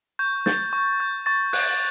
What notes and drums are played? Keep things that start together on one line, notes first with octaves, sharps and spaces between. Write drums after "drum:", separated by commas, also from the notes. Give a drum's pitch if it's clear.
C#6 G6
G6 A6, drum: snare
C#6
G6
C#6 A6
F#6 G6, drum: open hi-hat